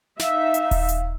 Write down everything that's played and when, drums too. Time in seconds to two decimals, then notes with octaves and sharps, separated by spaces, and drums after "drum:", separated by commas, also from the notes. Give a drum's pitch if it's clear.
0.19 D#4 E5 F5, drum: snare
0.54 drum: hi-hat
0.71 drum: kick D#1, open hi-hat
0.89 drum: hi-hat